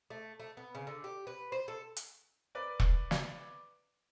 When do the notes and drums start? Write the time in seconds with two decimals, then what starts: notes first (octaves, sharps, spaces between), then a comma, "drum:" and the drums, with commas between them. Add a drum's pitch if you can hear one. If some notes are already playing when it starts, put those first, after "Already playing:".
0.10 A3
0.40 A3
0.57 B3
0.75 C#3
0.87 D3
1.04 G4
1.27 B4
1.52 C5
1.68 A4
1.97 drum: hi-hat
2.55 A#4 B4 D5
2.80 drum: kick E1
3.11 drum: snare